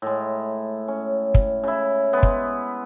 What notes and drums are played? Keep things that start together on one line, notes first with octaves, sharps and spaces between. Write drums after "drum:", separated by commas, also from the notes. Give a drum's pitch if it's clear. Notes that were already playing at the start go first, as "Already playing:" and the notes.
A2 G#3
C#4
drum: kick
C#3 E4
G#3 B3
drum: kick